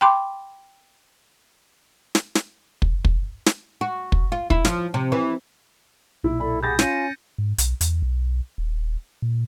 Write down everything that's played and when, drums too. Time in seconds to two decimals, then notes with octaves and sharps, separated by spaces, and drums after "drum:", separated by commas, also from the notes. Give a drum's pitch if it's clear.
0.01 G5 B5 C6 D6
2.15 drum: snare
2.35 drum: snare
2.82 drum: kick
3.05 drum: kick
3.46 drum: snare
3.81 F#4
4.12 drum: kick
4.32 F4
4.50 E4, drum: kick
4.65 F3, drum: snare
4.94 C3
5.12 E3
6.24 B1 A#2 E4
6.40 E4 A4 D5 B5
6.63 G4 G#4 F#5 B5 G6 A6 A#6
6.79 C#4 F4 G#5 B5 A#6 C#7 D#7, drum: snare
7.38 G#2
7.58 B1, drum: hi-hat
7.81 E2, drum: hi-hat
8.02 B1
8.58 D#1
9.22 A#2